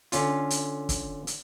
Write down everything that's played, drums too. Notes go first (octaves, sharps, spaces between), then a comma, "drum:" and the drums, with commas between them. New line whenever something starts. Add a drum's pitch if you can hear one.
D3 C#4 F4, drum: hi-hat
drum: hi-hat
drum: kick, hi-hat
drum: hi-hat